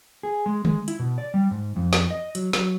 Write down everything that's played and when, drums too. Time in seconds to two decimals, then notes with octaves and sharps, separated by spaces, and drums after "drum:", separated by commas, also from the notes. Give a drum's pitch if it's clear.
0.23 G#4
0.46 G#3
0.65 G#3, drum: tom D3
0.88 E4, drum: hi-hat
0.99 B2
1.18 D5
1.34 G3
1.51 G#2
1.76 F2
1.93 drum: snare
2.11 D#5
2.35 F#3, drum: hi-hat
2.53 F#3, drum: snare